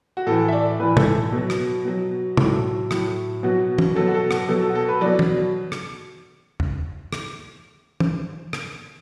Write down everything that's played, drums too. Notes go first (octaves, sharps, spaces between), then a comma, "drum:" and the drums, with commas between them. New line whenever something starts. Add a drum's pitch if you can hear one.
F#4
A2 E3 A4
E5
D5
A2 E3 B4
A4, drum: tom
B2 F#3
drum: rim click
B2 F#3
A2 F#3 A4, drum: tom
A2 F#3, drum: rim click
B2 F#3 F#4
drum: tom
B2 F#3 A4
F#4
A4
F#4, drum: rim click
B2 F#3 A4
A4
F#4
A4
B4
B2 F#3 D5
drum: tom
drum: rim click
drum: tom
drum: rim click
drum: tom
drum: rim click